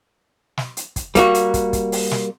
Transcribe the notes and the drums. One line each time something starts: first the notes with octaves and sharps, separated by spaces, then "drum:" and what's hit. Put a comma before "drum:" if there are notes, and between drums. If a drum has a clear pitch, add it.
drum: snare
drum: hi-hat
drum: kick, hi-hat
G3 A#3 F#4, drum: kick, hi-hat
drum: hi-hat
drum: kick, hi-hat
drum: kick, hi-hat
drum: open hi-hat
drum: snare